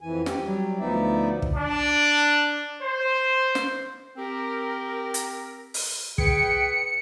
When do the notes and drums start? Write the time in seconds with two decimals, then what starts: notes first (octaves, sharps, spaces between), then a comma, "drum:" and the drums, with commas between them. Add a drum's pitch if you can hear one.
0.01 F2 E3 G#5
0.26 G4, drum: snare
0.42 F#3 G3
0.80 D2 F3 B3 D#4 D5 E5
1.42 drum: kick
1.55 D4
2.83 C5
3.55 drum: snare
4.17 C4 G4 A#4
5.14 drum: hi-hat
5.74 drum: open hi-hat
6.18 G#4 B4 G5 C#7, drum: kick